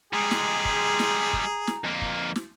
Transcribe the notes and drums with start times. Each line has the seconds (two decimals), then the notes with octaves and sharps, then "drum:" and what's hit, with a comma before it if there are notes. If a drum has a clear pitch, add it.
0.13 G3 G#3 G#4 A#5
0.31 drum: snare
0.65 drum: kick
0.99 drum: snare
1.33 drum: kick
1.67 drum: snare
1.84 F2 A#3
2.01 drum: kick
2.36 drum: snare